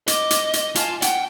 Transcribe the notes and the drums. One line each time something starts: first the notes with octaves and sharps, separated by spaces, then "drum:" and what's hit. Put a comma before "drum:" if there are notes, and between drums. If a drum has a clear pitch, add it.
D#5 D6, drum: hi-hat
drum: hi-hat
drum: hi-hat
F4 G#5 A5, drum: hi-hat
F#5 G5, drum: hi-hat